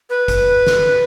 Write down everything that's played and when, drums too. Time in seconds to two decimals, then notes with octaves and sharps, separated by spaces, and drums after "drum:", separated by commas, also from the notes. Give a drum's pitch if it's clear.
0.10 B4
0.28 drum: kick, hi-hat
0.67 drum: snare